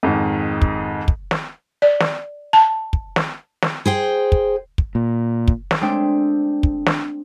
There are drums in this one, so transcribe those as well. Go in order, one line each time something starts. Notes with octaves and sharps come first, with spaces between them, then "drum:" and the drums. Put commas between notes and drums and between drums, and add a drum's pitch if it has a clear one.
F2 G#2 D#3
drum: kick
drum: kick
drum: snare
D5
drum: snare
A5
drum: kick
drum: snare
drum: snare
G#4 C5 G5
drum: kick
drum: kick
A#2
drum: kick
drum: snare
G#3 A3 C4 D4 D5 G5
drum: kick
drum: snare